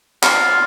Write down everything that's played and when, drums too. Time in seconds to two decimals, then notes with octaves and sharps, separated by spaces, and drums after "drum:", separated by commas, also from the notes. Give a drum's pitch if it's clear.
0.23 F4, drum: clap